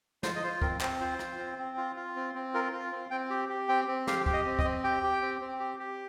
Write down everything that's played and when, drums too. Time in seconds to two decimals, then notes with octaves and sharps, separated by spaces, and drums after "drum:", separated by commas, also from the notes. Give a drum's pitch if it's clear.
0.23 F4 C5, drum: snare
0.36 D#5
0.43 F4 C5
0.62 C4 A#4, drum: kick
0.81 C4 C5, drum: clap
1.00 F4 C5
1.19 F4, drum: rim click
1.38 C4
1.58 C4
1.77 F4
1.96 F4
2.16 C4
2.35 C4
2.54 F4 A#4
2.73 F4
2.92 C4
3.11 C4 G5
3.30 G4
3.49 G4
3.69 C4 G5
3.88 C4
4.07 G4 F5, drum: snare
4.26 G4, drum: kick
4.33 D#5
4.46 C4
4.59 D#5, drum: kick
4.64 C4
4.84 G4 G5
5.03 G4
5.22 C4
5.41 C4
5.60 G4
5.80 G4